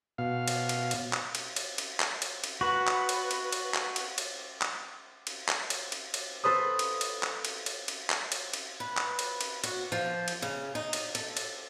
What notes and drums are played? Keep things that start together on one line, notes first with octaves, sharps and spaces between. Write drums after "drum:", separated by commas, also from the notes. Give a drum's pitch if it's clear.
B2 F5
drum: cymbal
drum: cymbal
drum: cymbal
drum: clap
drum: cymbal
drum: cymbal
drum: cymbal
drum: clap
drum: cymbal
drum: cymbal
F#4 B4
drum: clap
drum: cymbal
drum: cymbal
drum: cymbal
drum: clap
drum: cymbal
drum: cymbal
drum: clap
drum: cymbal
drum: clap
drum: cymbal
drum: cymbal
drum: cymbal
A4 B4 C5 D#6
drum: cymbal
drum: cymbal
drum: clap
drum: cymbal
drum: cymbal
drum: cymbal
drum: clap
drum: cymbal
drum: cymbal
B4
drum: clap
drum: cymbal
drum: cymbal
F#4, drum: cymbal
F3
drum: cymbal
C#3
D#4
drum: cymbal
A4, drum: cymbal
drum: cymbal